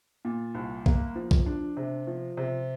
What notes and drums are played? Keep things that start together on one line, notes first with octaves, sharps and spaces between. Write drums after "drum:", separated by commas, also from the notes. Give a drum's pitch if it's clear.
A#2
C2
A#3, drum: kick
F3
drum: kick
D4
C3
F3
C3